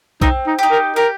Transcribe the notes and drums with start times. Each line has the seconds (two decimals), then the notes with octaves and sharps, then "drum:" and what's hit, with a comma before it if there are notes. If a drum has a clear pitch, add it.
0.21 C4 D#4, drum: kick
0.47 D#4
0.59 D#4 G4
0.71 A#4
0.96 G4 A#4